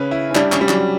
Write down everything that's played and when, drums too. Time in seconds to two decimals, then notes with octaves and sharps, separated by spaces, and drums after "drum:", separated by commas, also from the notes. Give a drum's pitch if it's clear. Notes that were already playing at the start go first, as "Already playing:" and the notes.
Already playing: C#3 C#4 B4
0.11 E4
0.31 C#4
0.35 G3 D4, drum: clap
0.52 C#4, drum: clap
0.61 G3
0.69 F#3, drum: clap